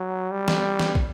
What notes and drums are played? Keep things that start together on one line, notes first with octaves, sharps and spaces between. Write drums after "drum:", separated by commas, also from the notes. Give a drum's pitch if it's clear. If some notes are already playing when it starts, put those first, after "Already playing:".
Already playing: F#3
G3
drum: snare
drum: snare
drum: kick